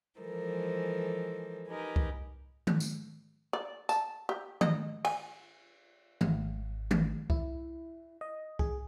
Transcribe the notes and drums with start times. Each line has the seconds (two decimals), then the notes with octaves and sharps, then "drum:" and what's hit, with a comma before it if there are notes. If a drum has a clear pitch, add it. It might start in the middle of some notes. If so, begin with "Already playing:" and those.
0.19 E3 F3 G#3 A4 A#4 C5
1.67 D#4 G4 A#4 B4 G#5
1.96 drum: kick C2
2.67 drum: tom D#3
2.80 drum: tambourine
3.53 D5
3.89 A5, drum: tambourine
4.29 G4
4.61 D#5, drum: tom D#3
5.05 G#5, drum: cymbal
6.21 G#1, drum: tom D#3
6.91 drum: tom D#3
7.30 E4, drum: kick C2
8.21 D#5
8.59 G#4, drum: kick C2